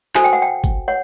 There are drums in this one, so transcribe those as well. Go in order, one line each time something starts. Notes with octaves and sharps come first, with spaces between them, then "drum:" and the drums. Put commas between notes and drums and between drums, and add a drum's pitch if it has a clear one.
F#4 A4 C5 G#5, drum: clap
G5
F#5
G5
drum: kick G1, hi-hat
C#5 F#5